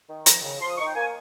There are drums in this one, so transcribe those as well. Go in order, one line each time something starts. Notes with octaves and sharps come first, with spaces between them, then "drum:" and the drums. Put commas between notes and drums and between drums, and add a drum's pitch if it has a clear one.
D#3
F3 A#5, drum: hi-hat
C#3
F3 C6
D#6
D#4 C#6
G5
A#3 G#5